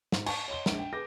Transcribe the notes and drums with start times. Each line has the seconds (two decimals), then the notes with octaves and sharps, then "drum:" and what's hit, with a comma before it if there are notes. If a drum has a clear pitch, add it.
0.12 G#2, drum: snare
0.26 G#5 A5 C#6, drum: cymbal
0.48 C#5 D#5 C6 G7
0.66 A#1 G#3 D7, drum: snare
0.79 G5
0.93 G#4 B4 D6 G6 A#6